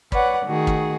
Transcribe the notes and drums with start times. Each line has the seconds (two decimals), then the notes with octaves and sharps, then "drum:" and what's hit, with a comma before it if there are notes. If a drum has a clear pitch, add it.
0.12 B4 C#5 D5 F#5, drum: kick
0.45 D#3 A3 F#4 G#4
0.67 drum: kick